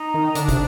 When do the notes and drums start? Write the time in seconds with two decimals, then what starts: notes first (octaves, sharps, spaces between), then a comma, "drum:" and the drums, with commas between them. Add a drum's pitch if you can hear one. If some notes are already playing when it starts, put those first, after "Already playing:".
Already playing: D#4
0.14 D#3
0.35 D3 D4, drum: hi-hat
0.48 C3, drum: kick, hi-hat